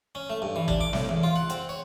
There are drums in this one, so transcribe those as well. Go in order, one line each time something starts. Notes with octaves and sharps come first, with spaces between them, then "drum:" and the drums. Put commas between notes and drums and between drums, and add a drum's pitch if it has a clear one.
C#4
A3
G2
E3
D4, drum: kick
D6
A2, drum: snare
E2
F4
F#5
C4, drum: hi-hat
C#5